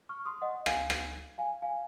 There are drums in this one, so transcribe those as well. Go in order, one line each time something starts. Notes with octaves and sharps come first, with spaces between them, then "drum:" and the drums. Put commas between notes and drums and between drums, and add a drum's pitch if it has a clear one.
C#6 F6
C6 D#6
D#5 F#5
F5 G#5, drum: rim click
drum: rim click
F5 G#5
F5 G#5